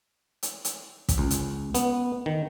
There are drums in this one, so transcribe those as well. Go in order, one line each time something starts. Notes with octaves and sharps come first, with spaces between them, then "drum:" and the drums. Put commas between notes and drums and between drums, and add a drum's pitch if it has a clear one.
drum: hi-hat
drum: hi-hat
drum: kick, hi-hat
C#2
drum: hi-hat
B3, drum: hi-hat
D#3